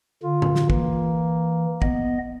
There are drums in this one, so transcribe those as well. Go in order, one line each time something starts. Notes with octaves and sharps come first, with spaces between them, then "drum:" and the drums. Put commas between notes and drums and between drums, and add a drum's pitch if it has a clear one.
D3 F4
drum: tom G#2
drum: snare
E3 A#3, drum: kick
B3 D#5, drum: kick